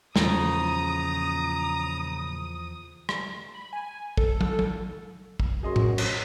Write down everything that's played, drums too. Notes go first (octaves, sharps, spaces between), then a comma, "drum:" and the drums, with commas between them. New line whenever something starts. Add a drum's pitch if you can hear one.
E2 A#2 C#3 F3 A#5 D#6, drum: snare
drum: rim click
B5
G#5
A4, drum: kick
drum: tom
drum: tom
drum: kick
F#2 F#4 G#4 D#5 C6
drum: tom A2
drum: cymbal